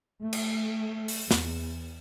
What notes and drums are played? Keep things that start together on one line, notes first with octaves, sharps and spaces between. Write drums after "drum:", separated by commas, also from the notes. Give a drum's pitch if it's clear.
A3
drum: cymbal
drum: open hi-hat
E2, drum: snare